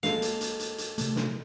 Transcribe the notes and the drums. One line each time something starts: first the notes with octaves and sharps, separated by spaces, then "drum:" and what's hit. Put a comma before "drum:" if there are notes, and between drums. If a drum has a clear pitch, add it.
G#3 A#3 A4 F5, drum: snare
drum: hi-hat
drum: hi-hat
drum: hi-hat
drum: hi-hat
C3 A3, drum: hi-hat
drum: snare